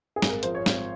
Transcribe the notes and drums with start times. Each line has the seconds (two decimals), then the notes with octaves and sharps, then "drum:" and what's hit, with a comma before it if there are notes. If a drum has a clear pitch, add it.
0.16 G#4
0.22 G#1, drum: snare
0.29 A#4
0.43 F3 C5, drum: hi-hat
0.55 C#5
0.66 G#1, drum: snare